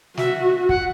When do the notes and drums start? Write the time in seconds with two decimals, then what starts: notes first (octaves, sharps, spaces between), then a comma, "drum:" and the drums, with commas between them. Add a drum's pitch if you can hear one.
0.17 F#4 E5, drum: snare
0.69 F#5, drum: kick